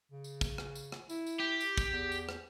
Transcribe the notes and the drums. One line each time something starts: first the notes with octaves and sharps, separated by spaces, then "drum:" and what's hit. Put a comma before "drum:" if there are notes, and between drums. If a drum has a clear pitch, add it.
C#3
drum: tambourine
drum: kick, tambourine
drum: rim click
drum: tambourine
drum: rim click
E4, drum: tambourine
drum: tambourine
G4
drum: tambourine
drum: kick, tambourine
E2
drum: tambourine
drum: rim click